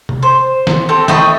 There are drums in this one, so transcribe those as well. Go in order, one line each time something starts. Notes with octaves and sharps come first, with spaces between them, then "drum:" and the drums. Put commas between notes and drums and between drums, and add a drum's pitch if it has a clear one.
drum: tom C3
C5
drum: snare
C4 G4 A4
A3 D#5 G5 B5, drum: snare